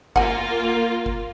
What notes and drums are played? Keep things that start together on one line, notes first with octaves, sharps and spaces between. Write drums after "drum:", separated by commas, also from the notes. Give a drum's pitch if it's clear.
A#3 F4 F#5 G#5, drum: kick G1
drum: kick G1